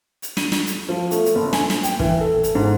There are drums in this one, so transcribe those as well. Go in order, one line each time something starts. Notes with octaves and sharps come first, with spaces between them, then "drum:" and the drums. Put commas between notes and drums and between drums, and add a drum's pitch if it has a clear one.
drum: hi-hat
D#7, drum: snare
drum: snare
drum: hi-hat
F3
A3, drum: hi-hat
drum: hi-hat
F#1
G#5, drum: snare
drum: snare
G5, drum: hi-hat
E3, drum: kick
A4
drum: hi-hat
G#2